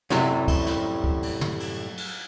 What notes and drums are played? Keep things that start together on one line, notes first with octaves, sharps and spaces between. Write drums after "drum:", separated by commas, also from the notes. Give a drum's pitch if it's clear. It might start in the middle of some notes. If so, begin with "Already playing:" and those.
F#2 A2 C3 F#3 G3, drum: snare
drum: kick, cymbal
drum: snare
drum: kick
drum: cymbal
drum: tom
drum: cymbal
drum: cymbal